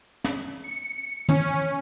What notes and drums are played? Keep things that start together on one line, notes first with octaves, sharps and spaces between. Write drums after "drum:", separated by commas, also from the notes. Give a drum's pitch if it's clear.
drum: snare
C#7
C#4, drum: tom